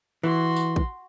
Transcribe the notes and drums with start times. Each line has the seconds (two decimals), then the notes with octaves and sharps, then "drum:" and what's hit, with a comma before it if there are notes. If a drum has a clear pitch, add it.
0.23 E3 F#4 C6
0.56 drum: tambourine
0.76 drum: kick